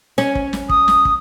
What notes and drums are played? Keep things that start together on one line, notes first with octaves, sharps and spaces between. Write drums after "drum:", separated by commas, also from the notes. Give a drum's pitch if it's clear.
C#4, drum: snare
drum: kick
drum: snare
D#6, drum: kick
drum: snare
drum: kick